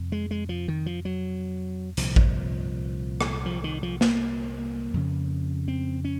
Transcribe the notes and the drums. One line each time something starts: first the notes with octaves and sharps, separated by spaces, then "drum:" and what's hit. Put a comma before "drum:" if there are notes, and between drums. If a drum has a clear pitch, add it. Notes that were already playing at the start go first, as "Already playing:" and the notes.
Already playing: F2 C3
G#3
G#3
F3
D#3
F3
F#3
C2 A#2 F3, drum: hi-hat
drum: kick A1
drum: rim click
F3
D#3
F3
A#3, drum: snare
F2 C#3
C4
C#4